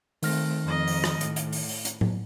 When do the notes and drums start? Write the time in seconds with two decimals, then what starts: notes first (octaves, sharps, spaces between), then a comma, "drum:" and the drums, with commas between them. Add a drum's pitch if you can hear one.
0.23 D#3 A3 C4 F6 A#6, drum: open hi-hat
0.64 F2 D#5
0.88 drum: open hi-hat
1.04 drum: rim click
1.21 A2, drum: hi-hat
1.36 drum: hi-hat
1.52 drum: open hi-hat
1.69 drum: open hi-hat
1.85 drum: hi-hat
2.01 drum: tom A2